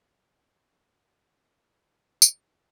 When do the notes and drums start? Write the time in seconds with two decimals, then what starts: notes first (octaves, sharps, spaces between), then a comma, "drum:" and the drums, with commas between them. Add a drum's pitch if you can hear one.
0.12 G#4
0.32 C#4
0.40 D#4
0.59 D#4
0.70 F4
0.79 A#4
0.89 B4
0.98 D#5
1.08 F#5
1.27 F#5
1.46 D#5
1.65 C#5
1.79 D#4
1.83 F4
1.96 C#4
2.10 C#4
2.22 B3, drum: tambourine